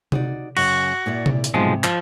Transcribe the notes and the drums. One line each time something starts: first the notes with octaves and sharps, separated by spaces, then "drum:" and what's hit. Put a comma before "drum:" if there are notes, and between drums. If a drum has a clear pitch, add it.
D#4 F#4 D5, drum: tom C3
F#2 C#3 F#4, drum: cymbal
A#2 E4 D5
drum: tom C3
drum: hi-hat
B1 G#2 C3 F3 G#3
F3, drum: clap